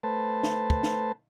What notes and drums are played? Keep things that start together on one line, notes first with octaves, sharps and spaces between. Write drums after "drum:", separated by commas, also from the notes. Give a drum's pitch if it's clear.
A3 B4 C5 A5
drum: snare
drum: kick
drum: snare